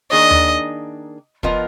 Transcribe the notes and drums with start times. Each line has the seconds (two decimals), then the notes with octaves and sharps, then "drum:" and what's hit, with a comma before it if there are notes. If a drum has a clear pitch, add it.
0.12 D#3 A#3 D4 G#4 D#5
0.31 drum: tom D#2
1.43 F3 B3 F4 A#4 D#5, drum: kick